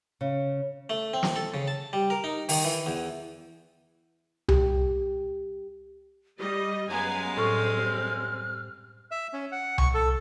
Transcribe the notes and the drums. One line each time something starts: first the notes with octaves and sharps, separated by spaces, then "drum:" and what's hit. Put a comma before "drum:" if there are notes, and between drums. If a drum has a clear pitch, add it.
C#3
A3
C4
drum: snare
A4
C#3
A5
G3
A#4
D#4
D#3, drum: open hi-hat
E3
E2
G4, drum: tom C2
G3 G4 D#5
F#2 G#3 B3 F5 G#5 A#5
A2 G3 C4 A4 C#6 F6
E5
C#4
F#5
C#6, drum: tom C2
A4